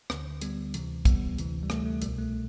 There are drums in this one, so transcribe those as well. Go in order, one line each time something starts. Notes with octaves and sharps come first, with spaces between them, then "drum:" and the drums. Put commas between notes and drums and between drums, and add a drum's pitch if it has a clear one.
D2 D3, drum: rim click
G3 B3, drum: hi-hat
D2 C3 E3, drum: hi-hat
G3 B3, drum: kick, hi-hat
D2 C3 E3, drum: hi-hat
G3
A3, drum: rim click
A3
C2 B2 G3, drum: hi-hat
A3